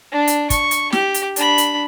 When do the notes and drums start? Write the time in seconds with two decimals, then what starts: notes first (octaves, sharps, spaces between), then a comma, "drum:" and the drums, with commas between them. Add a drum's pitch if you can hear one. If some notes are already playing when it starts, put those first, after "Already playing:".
0.11 D4
0.27 drum: hi-hat
0.50 C#6, drum: kick, hi-hat
0.71 drum: hi-hat
0.92 G4, drum: snare
1.14 drum: hi-hat
1.36 D4 B5, drum: hi-hat
1.58 drum: hi-hat